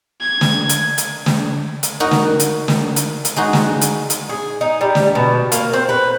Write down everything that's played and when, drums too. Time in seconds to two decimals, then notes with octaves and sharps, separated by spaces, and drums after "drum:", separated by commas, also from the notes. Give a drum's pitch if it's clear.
0.21 G#6
0.41 drum: snare
0.69 drum: hi-hat
0.98 drum: hi-hat
1.26 drum: snare
1.83 drum: hi-hat
2.00 D#4 F#4 A#4
2.11 drum: snare
2.40 drum: hi-hat
2.68 drum: snare
2.96 drum: hi-hat
3.25 drum: hi-hat
3.36 G#3 D#4 F#4
3.53 drum: snare
3.82 drum: hi-hat
4.10 drum: hi-hat
4.29 G#4
4.61 D#4
4.81 G3
4.95 drum: snare
5.15 B2
5.52 A#3, drum: hi-hat
5.73 C4
5.89 B4